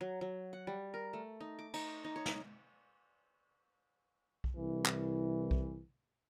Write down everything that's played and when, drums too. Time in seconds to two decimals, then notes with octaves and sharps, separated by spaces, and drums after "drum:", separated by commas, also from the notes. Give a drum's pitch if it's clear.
0.01 F#3
0.21 F#3
0.53 F#5
0.67 G3
0.94 A#4
1.13 A3
1.40 D#4
1.59 D6
1.74 D#4, drum: cymbal
2.05 D#4
2.16 C#5
2.26 drum: snare
4.44 drum: kick B1
4.56 C2 E3
4.85 drum: clap
5.51 drum: kick B1